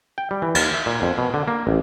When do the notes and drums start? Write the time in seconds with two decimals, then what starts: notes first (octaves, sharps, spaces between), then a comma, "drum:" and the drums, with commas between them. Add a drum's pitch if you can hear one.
0.18 G5
0.31 G3
0.42 E3
0.55 D#2, drum: cymbal
0.74 E5
0.86 A#2
1.02 F2
1.18 B2
1.34 D3
1.48 A#3
1.67 A1